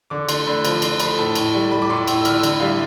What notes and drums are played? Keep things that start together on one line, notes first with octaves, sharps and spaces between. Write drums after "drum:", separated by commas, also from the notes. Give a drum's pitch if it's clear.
D3 D6
A3 C6, drum: cymbal
D3 B5
F3 B5, drum: cymbal
D3 C6, drum: cymbal
A3 B5, drum: cymbal
B5
A2 A5
A2, drum: cymbal
G3
G3 B5
D6
A2 C6
A2 E6, drum: cymbal
E6
D3 F6, drum: cymbal
E6
D3, drum: cymbal
B5
G3 F5
E5